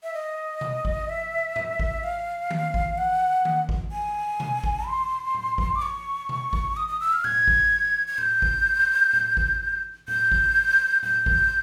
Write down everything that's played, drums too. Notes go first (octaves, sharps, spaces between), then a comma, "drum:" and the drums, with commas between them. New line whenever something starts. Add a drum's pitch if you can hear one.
E5
D#5
drum: tom B2
drum: kick G#1
E5
drum: tom G#2
drum: kick G#1
F5
drum: tom D#3
drum: kick G#1
F#5
drum: tom D#3
drum: kick G#1
G#5
drum: tom B2
drum: kick G#1
C6
drum: tom A2
drum: kick G#1
D6
C#6
drum: tom B2
drum: kick G#1
D#6
D#6
E6
F6
G#6, drum: tom A2
drum: kick G#1
G#6
G6, drum: tom A2
drum: kick G#1
drum: tom A2
drum: kick G#1
G6, drum: tom A2
drum: kick G#1
G6, drum: tom A2
drum: kick G#1